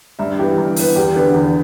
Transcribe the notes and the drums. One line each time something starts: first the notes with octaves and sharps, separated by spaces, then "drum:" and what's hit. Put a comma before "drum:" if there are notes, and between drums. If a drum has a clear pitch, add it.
G2 E5
E3 B3 G4
G2
E3 B3, drum: open hi-hat
E2 G4
D3 B3
E2